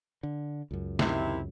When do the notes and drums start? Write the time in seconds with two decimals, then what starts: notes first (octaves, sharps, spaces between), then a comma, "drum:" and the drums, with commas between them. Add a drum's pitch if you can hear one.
0.23 D3
0.71 C#2 F#2
0.99 C3 D#3 E4, drum: snare